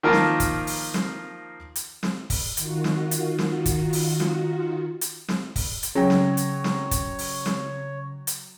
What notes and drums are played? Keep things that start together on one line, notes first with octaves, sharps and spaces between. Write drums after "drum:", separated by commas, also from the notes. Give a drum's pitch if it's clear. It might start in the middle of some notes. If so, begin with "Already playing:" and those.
D#3 F3 A#3 F4 A#4 A5
drum: snare
drum: kick, hi-hat
drum: open hi-hat
drum: snare
drum: hi-hat
drum: snare
drum: kick, open hi-hat
D#3 F4 F#4, drum: hi-hat
drum: snare
drum: hi-hat
drum: snare
drum: kick, hi-hat
drum: open hi-hat
drum: snare
drum: hi-hat
drum: snare
drum: kick, open hi-hat
drum: hi-hat
C#3 F#3 C#5 G5
drum: snare
drum: hi-hat
drum: snare
drum: kick, hi-hat
drum: open hi-hat
drum: snare
drum: hi-hat